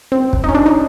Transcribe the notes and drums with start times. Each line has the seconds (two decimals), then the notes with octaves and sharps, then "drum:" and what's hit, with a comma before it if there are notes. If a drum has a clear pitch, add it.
0.12 C4
0.33 drum: kick
0.44 D#4
0.49 C#4
0.55 D4
0.66 D#4